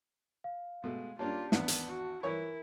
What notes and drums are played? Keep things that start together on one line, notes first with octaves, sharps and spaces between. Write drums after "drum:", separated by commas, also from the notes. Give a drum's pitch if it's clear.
F5
B2 G#3 A3
A#3 C#4 D4 F4 G4 A5
G#1 E2 B3 D4, drum: snare
drum: hi-hat
F#4
E3 E4 A#4 C#5 C#6